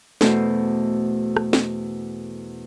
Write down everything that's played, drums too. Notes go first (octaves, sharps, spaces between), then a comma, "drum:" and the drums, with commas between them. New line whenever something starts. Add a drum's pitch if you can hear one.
E2 B2 A3 A4 C5, drum: snare
drum: rim click
drum: snare